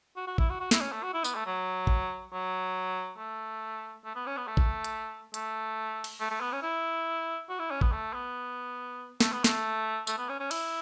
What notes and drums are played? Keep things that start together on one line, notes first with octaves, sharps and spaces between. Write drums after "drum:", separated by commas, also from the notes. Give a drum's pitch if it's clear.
F#4
F#4
E4, drum: kick A1
F#4
F#4
E4, drum: snare
C#4
A3
F#4
E4
B3, drum: tambourine
A3
F#3
drum: kick A1
F#3
A3
A3
B3
C#4
B3
A3
drum: kick A1
drum: hi-hat
A3, drum: hi-hat
drum: cymbal
A3
A3
B3
C#4
E4
F#4
E4
C#4
B3, drum: kick A1
A3
B3
A3, drum: snare
B3
A3, drum: snare
A3, drum: tambourine
B3
C#4
C#4
E4, drum: cymbal